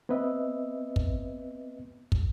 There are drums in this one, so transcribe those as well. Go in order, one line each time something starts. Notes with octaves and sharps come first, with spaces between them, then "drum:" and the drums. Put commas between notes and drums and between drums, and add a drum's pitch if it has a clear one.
B3 C4 B4 D#5 E5
drum: kick
drum: kick